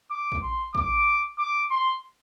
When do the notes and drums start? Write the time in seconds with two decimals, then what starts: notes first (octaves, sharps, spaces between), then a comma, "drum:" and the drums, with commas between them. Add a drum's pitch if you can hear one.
0.11 D6
0.32 drum: kick
0.43 C6
0.75 D6, drum: kick
1.39 D6
1.71 C6